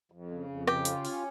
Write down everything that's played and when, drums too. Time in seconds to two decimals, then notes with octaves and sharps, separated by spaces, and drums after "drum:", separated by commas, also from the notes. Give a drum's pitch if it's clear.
0.12 F2
0.31 C#3
0.48 F2
0.67 C#3 G4, drum: rim click
0.85 F4, drum: hi-hat
1.05 C#4, drum: open hi-hat